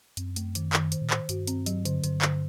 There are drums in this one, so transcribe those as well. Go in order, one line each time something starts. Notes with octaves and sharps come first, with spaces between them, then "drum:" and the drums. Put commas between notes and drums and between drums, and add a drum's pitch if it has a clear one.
F#2 C4, drum: hi-hat
A3, drum: hi-hat
D#3, drum: hi-hat
D#3, drum: clap
C5, drum: hi-hat
A#2
A2 C5, drum: clap
G2 F#4, drum: hi-hat
C4, drum: hi-hat
F#3, drum: hi-hat
D3, drum: hi-hat
G2 D3, drum: hi-hat
D3, drum: clap